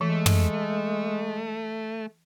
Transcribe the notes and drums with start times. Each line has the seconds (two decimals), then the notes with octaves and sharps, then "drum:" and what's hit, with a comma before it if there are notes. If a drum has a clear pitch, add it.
0.01 E3 G#3 A3
0.26 drum: tom